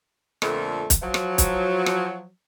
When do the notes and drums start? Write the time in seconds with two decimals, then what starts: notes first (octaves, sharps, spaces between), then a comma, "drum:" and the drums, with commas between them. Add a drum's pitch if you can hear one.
0.42 F2 A#2 D3 A3 A4, drum: rim click
0.90 drum: kick, hi-hat
1.02 F3 F#3
1.14 drum: rim click
1.38 drum: kick, hi-hat
1.86 drum: rim click